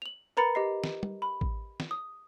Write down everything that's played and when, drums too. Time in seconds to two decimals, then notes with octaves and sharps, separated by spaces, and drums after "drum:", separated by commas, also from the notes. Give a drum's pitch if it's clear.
0.02 F7 F#7
0.37 A#4 B4 A#5 B5 A6 C#7
0.55 G4 D#5 C7
0.84 drum: snare
1.03 drum: tom
1.22 B5
1.41 drum: kick A1
1.80 drum: snare
1.91 D#6